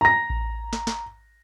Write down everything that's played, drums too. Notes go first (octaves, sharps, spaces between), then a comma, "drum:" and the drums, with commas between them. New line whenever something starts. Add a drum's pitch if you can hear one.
A#5 A#6
drum: kick A1
drum: snare
drum: snare